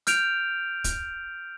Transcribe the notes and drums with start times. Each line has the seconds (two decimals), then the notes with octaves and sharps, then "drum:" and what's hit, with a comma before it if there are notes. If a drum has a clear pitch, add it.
0.07 F6 G6 D7 F7, drum: hi-hat
0.84 drum: kick, hi-hat